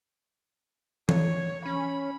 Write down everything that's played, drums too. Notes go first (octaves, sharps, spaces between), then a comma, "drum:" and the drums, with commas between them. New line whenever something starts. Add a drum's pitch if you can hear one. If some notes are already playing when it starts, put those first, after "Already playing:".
C#5, drum: tom E3
C#4 B5